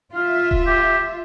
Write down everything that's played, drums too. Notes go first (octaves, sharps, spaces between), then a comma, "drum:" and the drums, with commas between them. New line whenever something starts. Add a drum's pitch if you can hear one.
F4 E5 F5
drum: kick D#1
G4